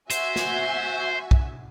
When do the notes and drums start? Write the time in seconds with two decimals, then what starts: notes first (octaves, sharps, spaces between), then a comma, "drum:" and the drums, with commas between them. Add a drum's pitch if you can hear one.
0.10 F#4 C5 E5 G#5, drum: hi-hat
0.36 drum: snare
1.31 drum: kick